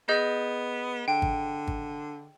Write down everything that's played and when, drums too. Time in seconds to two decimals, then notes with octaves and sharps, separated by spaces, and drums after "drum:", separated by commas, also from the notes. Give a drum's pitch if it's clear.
0.09 B3 G#4 D#5 G6
1.08 D3 G5
1.22 drum: kick G#1
1.67 drum: kick G#1